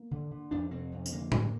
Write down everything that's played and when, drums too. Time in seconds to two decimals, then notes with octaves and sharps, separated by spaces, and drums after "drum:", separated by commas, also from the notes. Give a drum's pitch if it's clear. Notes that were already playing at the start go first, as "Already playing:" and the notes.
Already playing: A#3
0.11 D3
0.31 D3
0.51 F2 D4
0.71 C3 C4
0.92 F2
1.06 C4, drum: tambourine
1.12 D3 A#3
1.32 D3, drum: tom A2